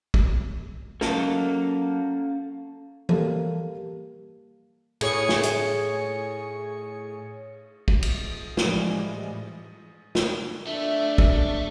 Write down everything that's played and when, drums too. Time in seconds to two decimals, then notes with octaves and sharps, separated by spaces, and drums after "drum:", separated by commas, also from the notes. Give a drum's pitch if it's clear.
0.14 drum: kick
1.01 F#3 A#3 C#4 A4 F5 A5, drum: snare
3.09 G3 A#3 G4 A4, drum: tom E3
5.01 A2 G#4 C#5 C#7, drum: cymbal
5.29 drum: snare
5.43 drum: hi-hat
7.88 drum: kick
8.03 drum: cymbal
8.57 A2 E3 F3 G3 G#3, drum: snare
10.15 drum: snare
10.67 A3 D4 E5
11.18 drum: kick